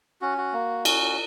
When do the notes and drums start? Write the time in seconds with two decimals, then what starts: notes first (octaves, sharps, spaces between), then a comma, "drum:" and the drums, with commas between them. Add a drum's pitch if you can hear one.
0.22 C#4 F#4
0.38 F#4
0.53 A#3
0.85 C#4 F#4, drum: cymbal